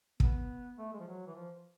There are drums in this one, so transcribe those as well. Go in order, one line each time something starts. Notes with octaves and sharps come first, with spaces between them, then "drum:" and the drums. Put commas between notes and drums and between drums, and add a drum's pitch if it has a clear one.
B3, drum: kick
A3
G#3
F3
F#3
E3
F3